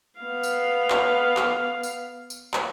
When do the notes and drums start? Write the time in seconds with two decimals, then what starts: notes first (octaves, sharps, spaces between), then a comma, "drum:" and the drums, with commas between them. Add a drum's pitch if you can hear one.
0.20 B3 F5
0.43 drum: tambourine
0.90 drum: clap
1.37 drum: clap
1.83 drum: tambourine
2.30 drum: tambourine
2.53 drum: clap